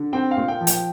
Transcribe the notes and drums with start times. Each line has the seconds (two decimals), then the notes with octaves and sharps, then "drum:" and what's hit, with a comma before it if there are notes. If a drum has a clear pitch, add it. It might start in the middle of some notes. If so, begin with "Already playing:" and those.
Already playing: D3
0.13 C4 G5
0.31 F5
0.37 A#2
0.48 G5
0.61 F3
0.67 G5, drum: hi-hat